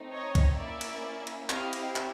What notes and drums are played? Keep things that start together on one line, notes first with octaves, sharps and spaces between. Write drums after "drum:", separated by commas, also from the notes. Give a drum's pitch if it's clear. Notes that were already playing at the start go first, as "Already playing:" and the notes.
Already playing: A3 C4 D#4
C#5 D#5
drum: kick, cymbal
A#3 C#4 E4 D5 E5
drum: cymbal
drum: cymbal
C4 E4 G4 D#5 F5, drum: clap
drum: cymbal
drum: clap